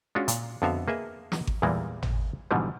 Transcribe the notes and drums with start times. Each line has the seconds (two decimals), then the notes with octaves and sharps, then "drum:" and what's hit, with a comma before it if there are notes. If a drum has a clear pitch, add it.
0.15 G#3 C#4 D4 F4 F#4
0.28 A#2, drum: hi-hat
0.62 F2 D3 B3 F#4 E5 F5
0.88 A#3 G#4 B4 D#5 E5
1.32 drum: snare
1.47 drum: kick G#1
1.62 E2 A#2 E3 G3 G#3 A#3
2.02 drum: tom G#1
2.51 G#2 B2 D3 E3 F3 G3